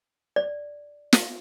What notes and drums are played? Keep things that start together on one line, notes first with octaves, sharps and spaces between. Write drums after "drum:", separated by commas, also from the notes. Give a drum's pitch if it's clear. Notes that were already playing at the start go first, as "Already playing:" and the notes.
D5
drum: snare